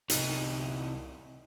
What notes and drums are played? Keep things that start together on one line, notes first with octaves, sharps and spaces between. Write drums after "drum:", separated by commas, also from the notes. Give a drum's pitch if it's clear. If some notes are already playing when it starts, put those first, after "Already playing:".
C2 D#4, drum: hi-hat